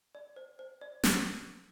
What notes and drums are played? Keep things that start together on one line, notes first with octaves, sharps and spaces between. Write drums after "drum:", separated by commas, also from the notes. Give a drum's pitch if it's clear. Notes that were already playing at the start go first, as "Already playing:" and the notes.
D5
C5
C5
D5
drum: snare